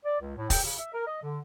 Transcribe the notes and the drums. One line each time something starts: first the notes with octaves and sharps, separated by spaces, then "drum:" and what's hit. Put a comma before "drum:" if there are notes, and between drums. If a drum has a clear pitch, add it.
D5
C#2
A2
G5, drum: kick, open hi-hat
C#3
E5
A#4
D#5
D3